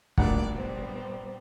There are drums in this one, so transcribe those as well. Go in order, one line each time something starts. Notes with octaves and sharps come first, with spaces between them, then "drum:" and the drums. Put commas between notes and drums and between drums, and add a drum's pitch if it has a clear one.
A#1 G2 A3 A#3 D5 F#5, drum: kick
G3 B3 C4